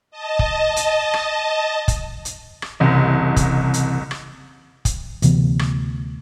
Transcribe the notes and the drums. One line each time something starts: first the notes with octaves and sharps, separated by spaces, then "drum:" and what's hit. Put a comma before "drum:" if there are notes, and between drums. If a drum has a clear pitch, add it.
D#5 A5
drum: kick
drum: hi-hat
drum: rim click
drum: kick, hi-hat
drum: hi-hat
drum: rim click
F#1 C2 C3 E3 D#5
drum: kick, hi-hat
drum: hi-hat
drum: rim click
drum: kick, hi-hat
D2 C3 E3 B3, drum: hi-hat
drum: rim click